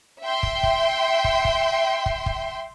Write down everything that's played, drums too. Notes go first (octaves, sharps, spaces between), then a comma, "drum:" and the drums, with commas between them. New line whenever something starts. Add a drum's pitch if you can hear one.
E5 G5 C6
drum: kick
drum: kick
drum: kick
drum: kick
drum: kick
drum: kick